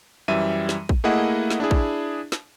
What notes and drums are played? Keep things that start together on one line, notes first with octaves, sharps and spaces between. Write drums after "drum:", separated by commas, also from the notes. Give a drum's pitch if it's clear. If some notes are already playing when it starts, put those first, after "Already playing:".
F#2 E3 G3 E5 D#7
drum: snare
drum: kick
A3 A#3 E4 G#4 D#5 F#5
drum: snare
D4 E4 G#4
drum: kick
drum: snare